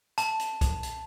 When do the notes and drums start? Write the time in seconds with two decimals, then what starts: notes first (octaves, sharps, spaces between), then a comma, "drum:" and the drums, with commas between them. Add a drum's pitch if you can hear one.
0.18 A5, drum: hi-hat
0.39 drum: hi-hat
0.61 drum: kick B1, hi-hat
0.83 drum: hi-hat